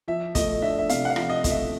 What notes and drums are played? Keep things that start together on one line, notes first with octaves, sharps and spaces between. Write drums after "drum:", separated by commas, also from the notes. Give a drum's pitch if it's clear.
F3 E5
A3 D#5, drum: kick, hi-hat
D4 E5
E5
C3 F5, drum: hi-hat
F#5
F5
F3, drum: rim click
D#5
A3, drum: kick, hi-hat
E5